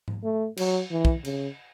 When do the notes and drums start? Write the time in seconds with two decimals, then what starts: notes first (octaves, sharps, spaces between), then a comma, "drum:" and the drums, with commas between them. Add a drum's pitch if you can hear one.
0.08 drum: tom G#2
0.24 A3
0.57 F#3, drum: cymbal
0.91 E3
1.05 drum: kick
1.25 C#3, drum: cymbal